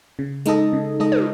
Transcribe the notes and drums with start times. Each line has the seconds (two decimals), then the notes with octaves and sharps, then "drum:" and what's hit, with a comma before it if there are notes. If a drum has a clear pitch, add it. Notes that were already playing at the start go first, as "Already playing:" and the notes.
0.19 C#3
0.46 G#3 D#4 A4 D#5, drum: hi-hat
0.73 C#3
1.00 G#3 D#4 A4 D#5
1.12 drum: tom